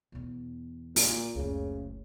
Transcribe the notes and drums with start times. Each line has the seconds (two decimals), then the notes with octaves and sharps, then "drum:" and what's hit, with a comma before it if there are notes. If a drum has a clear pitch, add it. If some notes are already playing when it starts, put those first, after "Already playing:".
0.12 E2 B2
0.96 A#2, drum: open hi-hat
1.35 F#1 D2 C#3